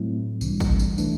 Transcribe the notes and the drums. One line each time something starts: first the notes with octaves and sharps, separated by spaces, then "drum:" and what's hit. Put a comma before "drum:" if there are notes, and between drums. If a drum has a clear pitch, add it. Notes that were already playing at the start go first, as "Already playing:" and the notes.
Already playing: A2 F#3 A3 C4 E4
C2 C3 E3 G3 D4, drum: tambourine
drum: kick, tambourine
drum: tambourine
E3 A3 D4, drum: tambourine